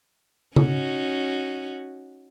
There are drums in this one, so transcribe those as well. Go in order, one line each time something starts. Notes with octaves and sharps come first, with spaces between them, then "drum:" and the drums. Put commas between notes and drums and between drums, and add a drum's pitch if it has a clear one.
C#4 D#4 F#4, drum: tom C#3